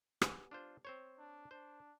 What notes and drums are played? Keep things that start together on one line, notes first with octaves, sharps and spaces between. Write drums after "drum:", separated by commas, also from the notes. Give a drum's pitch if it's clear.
G3 B3 G#4, drum: rim click
D4 F4 C5
C4 C5 C#5
D4
D4 C5